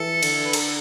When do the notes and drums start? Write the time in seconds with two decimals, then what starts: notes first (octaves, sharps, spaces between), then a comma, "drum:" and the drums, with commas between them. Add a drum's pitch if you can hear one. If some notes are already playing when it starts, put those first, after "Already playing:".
Already playing: E3 A4
0.23 D3, drum: cymbal
0.45 B4
0.53 A#4, drum: cymbal
0.61 A4